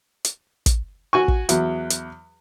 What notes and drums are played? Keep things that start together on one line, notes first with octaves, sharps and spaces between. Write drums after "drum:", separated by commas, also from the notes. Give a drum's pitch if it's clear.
drum: hi-hat
drum: kick, hi-hat
F#4 G#5 C#6
drum: kick
E2 F#3, drum: hi-hat
drum: hi-hat